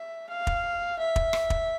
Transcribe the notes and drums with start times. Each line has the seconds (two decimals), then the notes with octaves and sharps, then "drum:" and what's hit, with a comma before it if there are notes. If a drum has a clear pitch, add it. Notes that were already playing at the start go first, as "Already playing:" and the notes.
Already playing: E5
0.30 F5
0.47 drum: kick
0.99 E5
1.16 drum: kick
1.33 drum: rim click
1.50 drum: kick